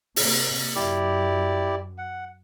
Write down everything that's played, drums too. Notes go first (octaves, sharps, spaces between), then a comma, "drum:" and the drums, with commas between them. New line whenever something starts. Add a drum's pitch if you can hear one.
C3 A#3, drum: open hi-hat
F#2 E4 G4 D5
F#5